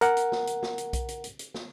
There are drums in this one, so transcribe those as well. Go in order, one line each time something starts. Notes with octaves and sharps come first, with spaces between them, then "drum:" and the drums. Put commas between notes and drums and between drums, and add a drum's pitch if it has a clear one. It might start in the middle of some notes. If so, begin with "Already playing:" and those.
A#4 F#5, drum: hi-hat
drum: hi-hat
drum: snare
drum: hi-hat
drum: snare
drum: hi-hat
drum: kick B1, hi-hat
drum: hi-hat
drum: hi-hat
drum: hi-hat
drum: snare